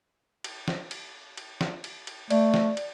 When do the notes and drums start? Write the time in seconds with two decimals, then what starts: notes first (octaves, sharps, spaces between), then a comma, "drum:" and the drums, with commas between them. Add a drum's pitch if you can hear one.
0.44 drum: cymbal
0.68 drum: snare
0.91 drum: cymbal
1.37 drum: cymbal
1.61 drum: snare
1.84 drum: cymbal
2.07 drum: cymbal
2.30 A3 D5, drum: cymbal
2.54 drum: snare
2.77 drum: cymbal